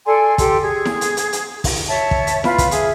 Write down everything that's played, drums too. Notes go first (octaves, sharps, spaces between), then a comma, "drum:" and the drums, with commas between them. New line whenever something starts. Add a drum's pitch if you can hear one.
A4 D5 G#5 C6
G4 A4 C6, drum: kick, hi-hat
G#4
drum: snare E4
drum: hi-hat
drum: hi-hat
drum: hi-hat
drum: kick, open hi-hat
C#5 E5 A5
drum: kick
drum: hi-hat
F4 B4 B5, drum: snare E4
drum: kick, hi-hat
G#4 E5, drum: hi-hat